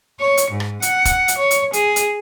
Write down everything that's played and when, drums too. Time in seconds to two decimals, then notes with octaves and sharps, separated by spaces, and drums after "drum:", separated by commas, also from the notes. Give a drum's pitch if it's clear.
0.20 C#5
0.37 drum: hi-hat
0.51 G#2
0.60 drum: rim click
0.82 F#5, drum: hi-hat
1.05 drum: kick, hi-hat
1.28 drum: hi-hat
1.38 C#5
1.51 drum: hi-hat
1.73 G#4, drum: hi-hat
1.96 drum: hi-hat